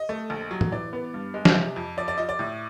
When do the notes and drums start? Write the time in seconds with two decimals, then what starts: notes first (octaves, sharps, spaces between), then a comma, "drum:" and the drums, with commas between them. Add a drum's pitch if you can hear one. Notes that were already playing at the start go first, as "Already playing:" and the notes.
Already playing: D#5
0.09 A3
0.30 A#1
0.51 F#3
0.61 drum: tom
0.72 E3 D5
0.93 B3
1.14 G2
1.34 G#3
1.45 drum: snare
1.55 C3
1.76 F2
1.97 F2 D5
2.08 D5
2.18 F3 D#5
2.29 D5
2.39 A2